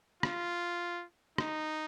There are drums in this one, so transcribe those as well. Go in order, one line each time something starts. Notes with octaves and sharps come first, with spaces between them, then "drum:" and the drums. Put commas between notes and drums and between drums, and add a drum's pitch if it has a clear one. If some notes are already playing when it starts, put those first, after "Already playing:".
F4, drum: rim click
D#4, drum: rim click